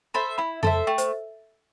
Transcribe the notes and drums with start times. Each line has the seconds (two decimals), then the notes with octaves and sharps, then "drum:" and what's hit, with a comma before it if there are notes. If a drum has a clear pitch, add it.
0.14 A4 C5 E5 B5
0.38 E4 B5
0.63 A4 C5 E5 A5, drum: tom F2
0.87 A3 G5
0.98 C5, drum: hi-hat